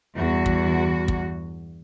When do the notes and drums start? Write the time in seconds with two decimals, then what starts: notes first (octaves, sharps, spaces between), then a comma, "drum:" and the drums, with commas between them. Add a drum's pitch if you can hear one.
0.14 E2 G2 F#4
0.46 drum: kick
1.08 drum: kick